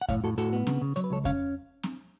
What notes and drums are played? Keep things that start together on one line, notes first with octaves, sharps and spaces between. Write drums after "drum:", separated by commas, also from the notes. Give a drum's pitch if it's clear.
F#5
A2 C#5 F5, drum: kick F2, hi-hat
A2 F#4 A4
A2 F#4 A4, drum: hi-hat
B3
C#3, drum: snare
C#3
F#3 C#5, drum: hi-hat
B4
C#2 A4 C#5
C#4 C#5 F5, drum: kick F2, hi-hat
drum: snare